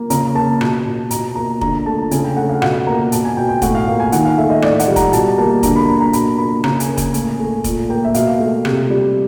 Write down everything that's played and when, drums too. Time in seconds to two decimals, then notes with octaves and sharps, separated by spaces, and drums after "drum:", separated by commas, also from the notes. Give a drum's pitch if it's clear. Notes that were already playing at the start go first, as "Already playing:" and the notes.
Already playing: A#3
0.10 C#3 A#5, drum: hi-hat
0.35 A#3 A5
0.61 B2, drum: rim click
0.86 B2
1.11 B2 A#5, drum: hi-hat
1.35 A#3 A#5
1.61 D3 A#5, drum: kick F1
1.86 A3 A5
2.11 C#3 G#5, drum: hi-hat
2.24 G5
2.37 A3 F#5
2.49 F5
2.62 B2 F#5, drum: rim click
2.87 A#3 A#5
3.12 B2 A5, drum: hi-hat
3.25 G#5
3.37 B2 G5
3.49 G5
3.62 A2 F#5, drum: kick F1, hi-hat
3.75 F5
3.88 A#3
4.00 G#5
4.12 D#3 F#5, drum: hi-hat
4.25 F5
4.38 A3 E5
4.50 D#5
4.62 A2 D5, drum: rim click
4.80 F#5, drum: hi-hat
4.88 G3
4.96 A#5, drum: kick F1, hi-hat
5.13 B2 A5, drum: hi-hat
5.38 A#3 A5
5.63 D3 A#5, drum: kick F1, hi-hat
5.76 B5
5.88 A#3 A#5
6.01 A#5
6.13 B2 B5, drum: hi-hat
6.38 A#3 B5
6.64 C#3 A#5, drum: rim click
6.80 G#5, drum: hi-hat
6.89 A#3
6.97 G#5, drum: kick F1, hi-hat
7.14 A2 G#5, drum: hi-hat
7.39 A3
7.64 A#2, drum: kick F1, hi-hat
7.89 A#3 G5
8.05 E5
8.14 B2 F5, drum: hi-hat
8.39 A3
8.65 C3, drum: rim click
8.90 G3